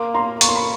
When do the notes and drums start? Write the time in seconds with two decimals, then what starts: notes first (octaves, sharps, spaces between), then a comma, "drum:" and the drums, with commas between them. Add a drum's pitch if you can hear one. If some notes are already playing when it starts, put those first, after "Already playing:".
Already playing: A#3 C6 D6
0.14 A#5 C6
0.41 A#3 C#6, drum: hi-hat
0.48 C6
0.56 B5